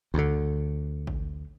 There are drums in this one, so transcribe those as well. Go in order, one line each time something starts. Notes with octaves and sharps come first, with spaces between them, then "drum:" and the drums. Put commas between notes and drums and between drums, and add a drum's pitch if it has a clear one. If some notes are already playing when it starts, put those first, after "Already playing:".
D2 D3
drum: kick A1